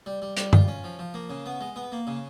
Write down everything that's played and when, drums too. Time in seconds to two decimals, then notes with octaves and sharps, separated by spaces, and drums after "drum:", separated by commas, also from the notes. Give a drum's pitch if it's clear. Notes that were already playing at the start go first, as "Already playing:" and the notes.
0.06 G3
0.22 G3
0.37 G3, drum: hi-hat
0.53 F4, drum: tom G2
0.68 C#4
0.84 F3
0.99 F3
1.14 A#3
1.30 C#3
1.46 B3
1.61 G#3
1.76 B3
1.92 A#3
2.07 C#3